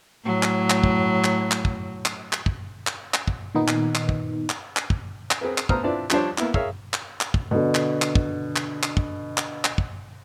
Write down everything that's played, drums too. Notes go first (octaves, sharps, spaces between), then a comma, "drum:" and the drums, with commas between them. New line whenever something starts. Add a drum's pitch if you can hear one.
A2 F#3
drum: clap
drum: clap
drum: kick
drum: clap
drum: clap
drum: kick
drum: clap
drum: clap
drum: kick
drum: clap
drum: clap
drum: kick
A#2 D#3 B3 D#4
drum: clap
drum: clap
drum: kick
drum: clap
drum: clap
drum: kick
drum: clap
C4 G#4 A#4 B4
drum: clap
A3 B3 C5 A#5 D#6 F6, drum: kick
C4 D4 E4 F4 B4 D5
F3 G3 D4 C5 C#5, drum: clap
A#3 B3 E4, drum: clap
G#4 A#4 C#5 E5 F5, drum: kick
drum: clap
drum: clap
drum: kick
B2 D3
drum: clap
drum: clap
drum: kick
drum: clap
drum: clap
drum: kick
drum: clap
drum: clap
drum: kick